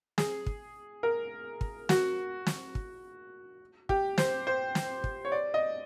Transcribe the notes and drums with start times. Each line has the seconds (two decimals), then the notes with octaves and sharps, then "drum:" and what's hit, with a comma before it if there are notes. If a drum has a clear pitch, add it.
0.18 G#4, drum: snare
0.46 drum: kick
1.03 A#4
1.61 drum: kick
1.89 F#4, drum: snare
2.47 drum: snare
2.75 drum: kick
3.89 G4, drum: kick
4.18 C5, drum: snare
4.47 C5
4.75 drum: snare
5.04 drum: kick
5.25 C#5
5.32 D5
5.54 D#5